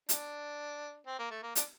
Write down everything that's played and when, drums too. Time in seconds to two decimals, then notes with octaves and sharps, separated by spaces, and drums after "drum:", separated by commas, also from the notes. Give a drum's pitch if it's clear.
0.09 D4, drum: hi-hat
1.07 C4
1.19 A#3
1.31 A3
1.43 A#3
1.55 D4, drum: hi-hat